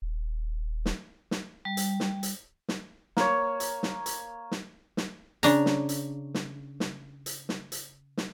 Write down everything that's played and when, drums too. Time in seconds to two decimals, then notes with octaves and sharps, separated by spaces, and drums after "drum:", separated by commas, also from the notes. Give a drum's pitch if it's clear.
0.02 D#1
0.86 drum: snare
1.31 drum: snare
1.65 G3
1.77 drum: hi-hat
2.00 drum: snare
2.23 drum: hi-hat
2.69 drum: snare
3.17 A#3 C#5, drum: snare
3.60 drum: hi-hat
3.83 drum: snare
4.06 drum: hi-hat
4.51 drum: snare
4.97 drum: snare
5.43 C#3 D4 A#5, drum: hi-hat
5.66 drum: snare
5.89 drum: hi-hat
6.34 drum: snare
6.80 drum: snare
7.26 drum: hi-hat
7.49 drum: snare
7.72 drum: hi-hat
8.17 drum: snare